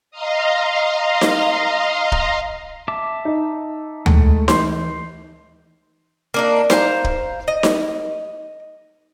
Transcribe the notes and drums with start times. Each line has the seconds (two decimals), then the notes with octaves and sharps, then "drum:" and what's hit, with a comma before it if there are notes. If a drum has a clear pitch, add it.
0.11 D#5 F5 A#5 C6
1.21 drum: snare D#4
2.12 drum: kick
2.88 E5 A5 D6
3.25 D#4
4.06 G#3 A3, drum: tom D2
4.48 E3 C6 G6, drum: snare D#4
6.34 A#3 D4 D#4
6.70 C5 F5 G5 A#5, drum: snare D#4
7.04 drum: kick
7.48 D#5
7.63 drum: snare D#4